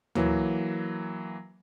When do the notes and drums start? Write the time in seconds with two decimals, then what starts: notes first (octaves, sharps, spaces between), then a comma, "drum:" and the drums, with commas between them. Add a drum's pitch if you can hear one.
0.15 E3 F#3 A#3, drum: tom D2